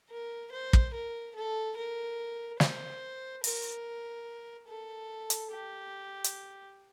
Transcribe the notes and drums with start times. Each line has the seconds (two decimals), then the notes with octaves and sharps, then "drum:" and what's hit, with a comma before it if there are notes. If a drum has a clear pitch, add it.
0.10 A#4
0.51 C5
0.73 drum: kick
0.93 A#4
1.35 A4
1.77 A#4
2.60 C5, drum: snare
3.44 A#4, drum: open hi-hat
4.68 A4
5.30 drum: hi-hat
5.51 G4
6.24 drum: hi-hat